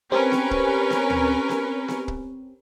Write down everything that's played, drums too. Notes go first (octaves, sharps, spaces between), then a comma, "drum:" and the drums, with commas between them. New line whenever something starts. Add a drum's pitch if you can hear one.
C4 C#4 G4 A#4 B4
drum: snare B3
drum: kick
drum: snare B3
drum: tom D2
drum: snare B3
drum: snare B3
drum: kick